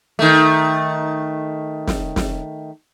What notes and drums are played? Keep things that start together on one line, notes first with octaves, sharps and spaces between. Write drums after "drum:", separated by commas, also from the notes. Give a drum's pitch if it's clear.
D#3 A3
drum: snare
drum: snare